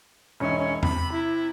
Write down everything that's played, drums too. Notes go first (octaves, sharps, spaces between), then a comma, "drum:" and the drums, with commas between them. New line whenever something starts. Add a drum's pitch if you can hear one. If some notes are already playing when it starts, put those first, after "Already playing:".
E1 C#4 D#4 E5
C#4
C3 B5, drum: tom E2
E4